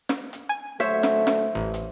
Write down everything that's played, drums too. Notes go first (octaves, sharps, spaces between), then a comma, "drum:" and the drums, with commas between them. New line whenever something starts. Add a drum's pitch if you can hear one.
drum: snare
drum: hi-hat
G#5
D3 F#3 A3 C5 C#5 E5, drum: hi-hat
drum: snare
drum: snare
A1
drum: hi-hat